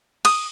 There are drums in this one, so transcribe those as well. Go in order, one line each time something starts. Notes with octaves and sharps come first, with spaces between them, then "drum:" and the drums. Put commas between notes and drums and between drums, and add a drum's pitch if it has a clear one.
D#6, drum: cymbal